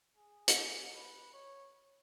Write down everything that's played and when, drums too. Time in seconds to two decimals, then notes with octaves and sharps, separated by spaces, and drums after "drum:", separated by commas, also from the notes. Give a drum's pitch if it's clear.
0.16 G#4
0.48 drum: hi-hat
0.95 B4
1.34 C#5